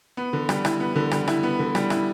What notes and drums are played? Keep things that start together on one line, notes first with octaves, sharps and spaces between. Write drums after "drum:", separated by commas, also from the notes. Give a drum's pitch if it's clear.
B3
D3
G3, drum: rim click
E4, drum: rim click
B3
D3
G3, drum: rim click
E4, drum: rim click
B3
D3
G3, drum: rim click
E4, drum: rim click